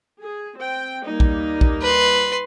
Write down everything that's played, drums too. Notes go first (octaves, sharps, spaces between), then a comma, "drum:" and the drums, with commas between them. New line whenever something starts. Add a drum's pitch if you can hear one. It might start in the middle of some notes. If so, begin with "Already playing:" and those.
G#4
C4 G5
G3 A#3 D#4
drum: kick A#1
drum: kick A#1
B4 C6